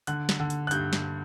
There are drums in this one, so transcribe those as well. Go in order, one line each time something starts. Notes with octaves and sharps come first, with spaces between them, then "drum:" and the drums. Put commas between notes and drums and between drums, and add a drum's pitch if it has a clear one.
D3 F#6, drum: hi-hat
drum: snare
D3
drum: hi-hat
F#6
G2 G6, drum: hi-hat
drum: snare